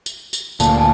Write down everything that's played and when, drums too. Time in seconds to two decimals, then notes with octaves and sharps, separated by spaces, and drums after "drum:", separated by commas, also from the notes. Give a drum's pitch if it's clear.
0.06 drum: tambourine
0.33 drum: tambourine
0.60 D2 A#2 A5, drum: tambourine
0.77 G#5 A5